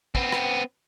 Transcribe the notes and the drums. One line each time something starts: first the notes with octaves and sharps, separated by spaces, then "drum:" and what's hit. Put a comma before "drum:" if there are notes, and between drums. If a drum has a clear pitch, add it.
B3 C4, drum: kick
drum: rim click